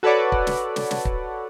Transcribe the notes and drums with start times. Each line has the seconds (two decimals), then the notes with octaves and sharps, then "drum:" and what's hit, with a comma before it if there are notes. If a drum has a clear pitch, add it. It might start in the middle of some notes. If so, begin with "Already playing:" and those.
0.03 F#4 A4 B4 C#5 D5 F#5
0.32 drum: kick
0.47 drum: snare
0.76 drum: snare
0.91 drum: snare
1.05 drum: kick